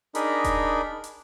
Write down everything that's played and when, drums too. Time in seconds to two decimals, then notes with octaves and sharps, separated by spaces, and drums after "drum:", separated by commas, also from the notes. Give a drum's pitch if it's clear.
0.15 D4 D#4 G#4 A#4 B5, drum: hi-hat
0.44 drum: kick E1, hi-hat
1.04 drum: hi-hat